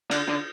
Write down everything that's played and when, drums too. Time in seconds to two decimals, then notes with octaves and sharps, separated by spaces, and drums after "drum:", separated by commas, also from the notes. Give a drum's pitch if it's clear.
0.11 D3, drum: cymbal
0.28 D3